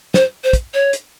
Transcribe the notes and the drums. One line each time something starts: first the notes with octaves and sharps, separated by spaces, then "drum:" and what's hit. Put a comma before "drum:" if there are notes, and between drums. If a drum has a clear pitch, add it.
C5, drum: snare
C5
drum: kick, hi-hat
C#5
drum: hi-hat